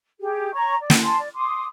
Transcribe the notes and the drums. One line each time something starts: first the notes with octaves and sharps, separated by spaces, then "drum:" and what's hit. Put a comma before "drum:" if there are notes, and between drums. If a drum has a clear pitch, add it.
G4 G#4
C#5 A#5 C#6
D5
drum: snare
G#5 A5 C6
D5
C6 D6 D#6